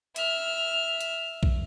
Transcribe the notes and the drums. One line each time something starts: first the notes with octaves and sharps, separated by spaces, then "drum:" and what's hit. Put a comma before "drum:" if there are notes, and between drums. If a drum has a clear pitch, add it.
E5 F6, drum: hi-hat
drum: hi-hat
drum: kick B1